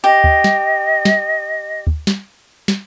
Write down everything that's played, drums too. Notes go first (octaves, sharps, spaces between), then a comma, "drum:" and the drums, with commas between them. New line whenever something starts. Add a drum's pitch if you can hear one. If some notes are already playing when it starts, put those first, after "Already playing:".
G4 D#5
drum: kick
drum: snare
drum: snare
drum: kick
drum: snare
drum: snare